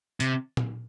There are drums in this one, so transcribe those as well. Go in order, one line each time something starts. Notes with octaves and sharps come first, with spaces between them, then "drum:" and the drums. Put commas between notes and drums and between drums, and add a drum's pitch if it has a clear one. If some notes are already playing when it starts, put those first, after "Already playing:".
C3, drum: hi-hat
drum: tom A#2